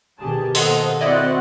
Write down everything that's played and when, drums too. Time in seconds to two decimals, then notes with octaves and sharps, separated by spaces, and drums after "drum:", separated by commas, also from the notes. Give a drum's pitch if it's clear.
0.19 B2 D#3 G4 G#4 A5
0.55 A#3 A4 C5 D#5 F#5, drum: open hi-hat
1.01 C4 E4 F#4 D5 D#5 F#5